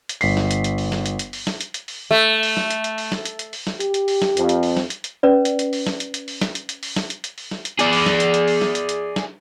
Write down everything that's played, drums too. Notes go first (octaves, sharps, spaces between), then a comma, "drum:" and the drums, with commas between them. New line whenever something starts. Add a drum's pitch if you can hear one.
drum: hi-hat
G1 B6 C7, drum: open hi-hat
drum: snare
drum: hi-hat
drum: hi-hat
drum: open hi-hat
drum: snare
drum: hi-hat
drum: hi-hat
drum: open hi-hat
drum: snare
drum: hi-hat
drum: hi-hat
drum: open hi-hat
A3
drum: open hi-hat
drum: snare
drum: hi-hat
drum: hi-hat
drum: open hi-hat
drum: snare
drum: hi-hat
drum: hi-hat
drum: open hi-hat
drum: snare
G4, drum: hi-hat
drum: hi-hat
drum: open hi-hat
drum: snare
F2, drum: hi-hat
drum: hi-hat
drum: open hi-hat
drum: snare
drum: hi-hat
drum: hi-hat
C#4 B4 D5
drum: hi-hat
drum: hi-hat
drum: open hi-hat
drum: snare
drum: hi-hat
drum: hi-hat
drum: open hi-hat
drum: snare
drum: hi-hat
drum: hi-hat
drum: open hi-hat
drum: snare
drum: hi-hat
drum: hi-hat
drum: open hi-hat
drum: snare
drum: hi-hat
G#4 D5, drum: hi-hat
drum: open hi-hat
drum: snare
drum: hi-hat
drum: hi-hat
drum: open hi-hat
drum: snare
drum: hi-hat
drum: hi-hat
drum: snare